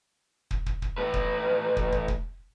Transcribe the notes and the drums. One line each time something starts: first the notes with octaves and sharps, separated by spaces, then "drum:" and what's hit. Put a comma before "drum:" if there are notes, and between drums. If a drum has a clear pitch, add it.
drum: kick
drum: kick
drum: kick
A2 B4
drum: kick
drum: kick
drum: kick
drum: kick